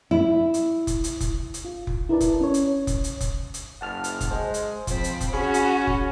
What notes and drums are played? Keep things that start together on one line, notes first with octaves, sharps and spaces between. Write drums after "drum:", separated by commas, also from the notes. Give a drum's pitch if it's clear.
E4
drum: hi-hat
drum: kick F1, hi-hat
drum: hi-hat
drum: kick F1, hi-hat
drum: hi-hat
F4
drum: kick F1
E4 A#4 B4 D5 A5
drum: kick F1, hi-hat
C#4 C#5
drum: hi-hat
drum: kick F1, hi-hat
drum: hi-hat
drum: kick F1, hi-hat
drum: hi-hat
F#1 F#5 A5 F6
drum: hi-hat
drum: kick F1, hi-hat
G#3 C5
drum: hi-hat
F3 C4 B5, drum: kick F1, hi-hat
drum: hi-hat
drum: kick F1, hi-hat
C#4 F#4 G#4 B5
drum: hi-hat
drum: kick F1